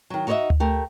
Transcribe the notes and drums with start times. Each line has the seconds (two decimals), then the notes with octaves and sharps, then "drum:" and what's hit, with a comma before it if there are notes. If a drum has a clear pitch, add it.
0.10 D#3 F#3
0.27 D#4 F#4 B4 C#5 D#5 E5
0.50 drum: tom D2
0.60 A3 G4 A#4